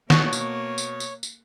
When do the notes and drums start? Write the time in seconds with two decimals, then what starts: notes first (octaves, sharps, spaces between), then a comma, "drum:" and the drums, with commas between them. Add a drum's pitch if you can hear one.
0.10 B2 A#3 C#5 C#6 F#6, drum: snare
0.33 drum: tambourine
0.78 drum: tambourine
1.00 drum: tambourine
1.23 drum: tambourine